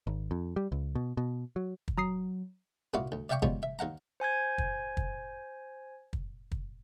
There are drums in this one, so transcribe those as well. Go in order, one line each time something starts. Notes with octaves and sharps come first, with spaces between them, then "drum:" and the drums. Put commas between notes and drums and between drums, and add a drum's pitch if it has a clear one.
G#1
F2
G3
C#2
B2
B2
F#3
drum: kick
F#3 A#5 D#6 C7
C2 A#2 E4 F#4 F5
D2
D5 E5 F5 G5 C#6 D6
G3 G#3 B3 C#4 F4, drum: kick
E5
D#2 F5 F#5 A#5
C5 G#5 G6 G#6
drum: kick
drum: kick
drum: kick
drum: kick